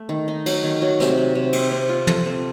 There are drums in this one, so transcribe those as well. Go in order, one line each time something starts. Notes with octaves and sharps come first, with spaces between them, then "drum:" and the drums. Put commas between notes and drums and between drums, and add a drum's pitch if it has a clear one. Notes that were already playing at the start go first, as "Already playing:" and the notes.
Already playing: A3
D#3
D#4
F#3, drum: cymbal
D#3
F#3
C3, drum: snare
F#3
C3
C4, drum: cymbal
C4
F4
A4, drum: tom
C4